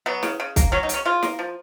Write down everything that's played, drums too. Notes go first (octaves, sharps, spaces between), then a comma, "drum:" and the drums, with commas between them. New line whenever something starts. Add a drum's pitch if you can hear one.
F#3 B3
C#3, drum: snare
C#3
A#3, drum: kick, hi-hat
F#3 C#4
D#4
C#3, drum: hi-hat
C#4
C#3 F4
A#3, drum: snare
F3